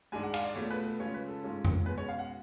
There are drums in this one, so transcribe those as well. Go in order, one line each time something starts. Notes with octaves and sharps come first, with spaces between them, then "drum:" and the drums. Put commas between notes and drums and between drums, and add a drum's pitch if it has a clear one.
G#2 G#3 D4 G#5
F#5
F5, drum: cymbal
D5
B2 A3 F4 C#5
B4
B4
C#3 G#3 C#4 F4 C#5
B4
A4
G#2 G#3 C#4 F4
drum: tom F2
B2 G#3 C#4 B4
C#5
F5
F#5